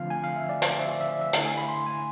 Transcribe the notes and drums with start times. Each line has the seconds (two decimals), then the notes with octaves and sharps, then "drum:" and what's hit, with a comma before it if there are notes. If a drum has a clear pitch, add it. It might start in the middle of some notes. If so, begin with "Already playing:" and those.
Already playing: D3 F3 A3 C4 F4 F5
0.10 G#5
0.24 F5
0.36 E5
0.49 D5
0.62 C5, drum: hi-hat
0.80 E5
0.90 D5
1.01 E5
1.21 E5
1.33 D3 A3 E4 F5, drum: hi-hat
1.45 G#5
1.57 B5
1.68 C6
1.86 G#5